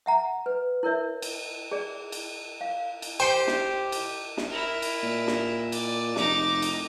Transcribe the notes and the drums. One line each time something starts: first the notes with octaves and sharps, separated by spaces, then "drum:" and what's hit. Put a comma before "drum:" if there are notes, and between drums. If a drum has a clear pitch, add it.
E5 F#5 A#5
B4
E4 A#4 C#5 E5
drum: cymbal
G#4 D5
drum: cymbal
F5
drum: cymbal
G4 C5 G5 C6
drum: snare
drum: cymbal
drum: snare
E4 A#4
drum: cymbal
A#2
drum: snare
D5, drum: cymbal
F1 D#4 D6, drum: snare
drum: cymbal